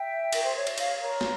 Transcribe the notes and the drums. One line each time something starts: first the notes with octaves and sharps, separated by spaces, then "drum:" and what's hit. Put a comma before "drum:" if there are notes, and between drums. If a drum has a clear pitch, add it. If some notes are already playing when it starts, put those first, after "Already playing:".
Already playing: E5 G5
A#4, drum: cymbal
C5
C#5
E5, drum: cymbal
C#5 F5, drum: cymbal
A#4 C#5
drum: snare